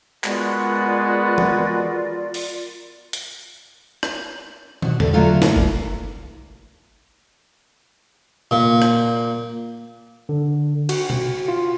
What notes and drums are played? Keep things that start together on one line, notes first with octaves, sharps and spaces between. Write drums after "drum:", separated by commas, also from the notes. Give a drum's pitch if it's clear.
G#3 B3 F4 F#4 A#4 D5, drum: clap
drum: tom E3
drum: open hi-hat
drum: hi-hat
drum: rim click
B2 F#4, drum: tom
D3, drum: tom E2
D3 F#3 A3 F4 F#4
E2 G2 A#3, drum: snare
drum: kick
A#2
drum: rim click
D3
F#4, drum: cymbal
drum: tom B2
F4